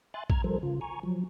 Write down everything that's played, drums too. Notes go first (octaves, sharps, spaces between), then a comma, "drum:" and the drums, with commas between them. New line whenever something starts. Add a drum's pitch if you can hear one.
E5 G#5 C6 F#6 A6
A#5 F6 G#6, drum: kick
F3 G3 A4 A#4 C5
C#3 F4
G#5 A#5 C#6
F3 F#3